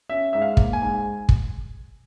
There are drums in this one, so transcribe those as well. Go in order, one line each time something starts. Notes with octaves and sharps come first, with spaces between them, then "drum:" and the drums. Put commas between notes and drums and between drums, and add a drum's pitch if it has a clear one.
C#4 E5
G#2 E5
F5
A#3, drum: kick
G#5
G#2
drum: kick